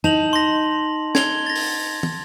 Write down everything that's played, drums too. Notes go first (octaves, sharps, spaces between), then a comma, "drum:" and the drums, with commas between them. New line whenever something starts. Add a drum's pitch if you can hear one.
D#4 A5 F7 F#7
C6 A#6
G#6 F7 G7, drum: snare
A6 A#6
drum: open hi-hat
drum: tom